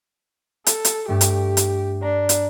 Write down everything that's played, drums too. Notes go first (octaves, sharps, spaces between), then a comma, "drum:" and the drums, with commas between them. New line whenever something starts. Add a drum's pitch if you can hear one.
A4, drum: hi-hat
drum: hi-hat
G2 A3 G4
drum: hi-hat
drum: hi-hat
D4 A#5
drum: hi-hat